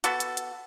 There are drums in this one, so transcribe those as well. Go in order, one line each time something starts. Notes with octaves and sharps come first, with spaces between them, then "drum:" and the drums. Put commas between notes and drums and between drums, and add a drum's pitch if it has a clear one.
B3 F#4 A4, drum: hi-hat
drum: hi-hat
drum: hi-hat